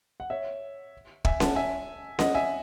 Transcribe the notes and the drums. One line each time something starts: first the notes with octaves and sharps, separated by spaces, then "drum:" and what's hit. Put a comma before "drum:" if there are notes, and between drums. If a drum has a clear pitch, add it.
F#5
C#5 E5
E5 G#5, drum: kick
F#5 A5, drum: snare C#4
E5 G#5
D#5 F#5, drum: snare C#4
E5 G#5